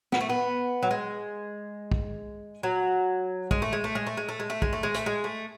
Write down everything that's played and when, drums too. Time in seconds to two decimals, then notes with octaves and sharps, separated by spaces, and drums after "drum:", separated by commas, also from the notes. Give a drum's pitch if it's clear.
0.12 B3, drum: snare
0.21 A3
0.29 B3
0.83 F#3
0.91 G#3
1.92 drum: kick
2.63 F#3
3.51 G#3, drum: kick
3.62 A3
3.73 G#3
3.84 A3
3.95 G#3
4.07 A3
4.17 G#3
4.29 A3
4.40 G#3
4.50 A3
4.62 G#3, drum: kick
4.73 A3
4.83 G#3
4.94 A3, drum: hi-hat
5.06 G#3
5.24 A3